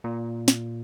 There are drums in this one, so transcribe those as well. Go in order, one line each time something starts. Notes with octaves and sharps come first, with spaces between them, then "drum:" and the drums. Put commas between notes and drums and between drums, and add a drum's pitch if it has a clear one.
A#2
drum: snare